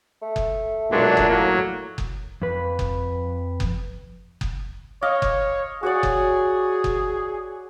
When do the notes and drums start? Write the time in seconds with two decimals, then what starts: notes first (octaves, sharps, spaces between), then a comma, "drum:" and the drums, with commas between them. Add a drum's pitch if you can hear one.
0.22 A3
0.36 drum: kick F#1
0.91 B1 A#2 F#3 G#3 D4 F#5
1.17 drum: kick F#1
1.30 A2 F#3 A#3
1.98 drum: kick F#1
2.42 F2 B4
2.79 drum: kick F#1
3.60 drum: kick F#1
4.41 drum: kick F#1
5.02 C#5 D#5 F5 D6
5.22 drum: kick F#1
5.83 F#4 G#4 C#5 D5
6.03 drum: kick F#1
6.84 drum: kick F#1